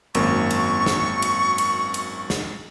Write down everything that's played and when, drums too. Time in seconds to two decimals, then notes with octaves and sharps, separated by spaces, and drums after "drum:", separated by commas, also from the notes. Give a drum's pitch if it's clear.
0.15 G#1 F#2 A#3 C#6, drum: cymbal
0.51 drum: cymbal
0.86 drum: snare
1.22 drum: cymbal
1.58 drum: cymbal
1.94 drum: cymbal
2.30 drum: snare